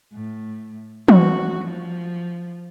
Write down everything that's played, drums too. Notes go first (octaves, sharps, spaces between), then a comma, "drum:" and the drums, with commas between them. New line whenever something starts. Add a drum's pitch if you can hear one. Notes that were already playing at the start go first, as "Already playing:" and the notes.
A2
F#4, drum: tom
F3